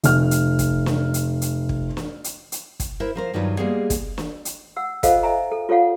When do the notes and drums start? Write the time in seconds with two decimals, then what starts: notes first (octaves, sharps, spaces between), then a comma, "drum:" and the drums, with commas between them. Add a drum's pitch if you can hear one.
0.03 F1 F6, drum: hi-hat
0.31 drum: hi-hat
0.59 drum: kick, hi-hat
0.86 drum: snare
1.14 drum: hi-hat
1.42 drum: hi-hat
1.69 drum: kick
1.97 drum: snare
2.24 drum: hi-hat
2.52 drum: hi-hat
2.80 drum: kick, hi-hat
3.00 E4 A#4 C5 E5
3.15 F3 A#4 C5
3.34 G2 D#3 F#3 D#4 F4 B4
3.58 G3 G#3 A#3 B3 G#4
3.90 drum: kick, hi-hat
4.18 drum: snare
4.45 drum: hi-hat
4.76 F#5 E6
5.03 F4 A4 C5 D#5 F5 F#5, drum: kick, hi-hat
5.23 D#5 E5 G#5 A#5
5.52 A4
5.69 F4 A4 C#5 F5 F#5